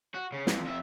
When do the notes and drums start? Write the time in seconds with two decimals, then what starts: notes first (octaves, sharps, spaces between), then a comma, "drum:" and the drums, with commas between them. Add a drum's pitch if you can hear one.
0.15 F#4
0.32 C#3
0.47 F2 E3, drum: snare
0.64 F2 E5